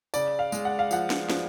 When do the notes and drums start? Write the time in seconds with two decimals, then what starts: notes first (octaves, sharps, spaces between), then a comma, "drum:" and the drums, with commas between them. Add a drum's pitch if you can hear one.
0.14 C#3 D5, drum: tambourine
0.39 F5
0.52 G#3, drum: tambourine
0.65 F#5
0.79 F5
0.91 F3 F#5, drum: tambourine
1.10 drum: snare
1.30 F3, drum: snare